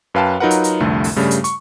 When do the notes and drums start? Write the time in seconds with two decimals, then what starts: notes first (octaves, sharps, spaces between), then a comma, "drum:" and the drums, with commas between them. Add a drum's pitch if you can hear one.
0.14 F#2 B4 F5 G5 A5
0.40 F#3 D#4 F4 A#4 B4 F#5
0.51 drum: hi-hat
0.64 drum: hi-hat
0.80 C2 F2 D3 A3
1.04 drum: open hi-hat
1.16 G2 C#3 G3 A3
1.31 drum: hi-hat
1.44 C#6, drum: hi-hat